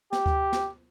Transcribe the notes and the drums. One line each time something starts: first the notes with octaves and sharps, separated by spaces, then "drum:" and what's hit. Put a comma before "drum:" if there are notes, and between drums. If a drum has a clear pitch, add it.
G4, drum: snare
drum: kick D2
drum: snare